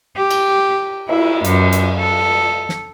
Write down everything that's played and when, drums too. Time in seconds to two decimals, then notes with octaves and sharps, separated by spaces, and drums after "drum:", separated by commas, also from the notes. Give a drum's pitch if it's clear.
0.17 G4
0.31 drum: cymbal
1.09 E4, drum: cymbal
1.44 F#2, drum: hi-hat
1.72 drum: hi-hat
2.00 A4
2.69 drum: snare